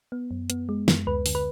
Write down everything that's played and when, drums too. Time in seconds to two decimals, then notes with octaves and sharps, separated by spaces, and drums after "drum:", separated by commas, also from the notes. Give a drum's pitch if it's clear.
0.12 B3
0.31 F#2
0.50 B3, drum: hi-hat
0.69 G#3
0.88 F#2, drum: snare
1.07 D2 B4
1.26 D3, drum: open hi-hat
1.35 B4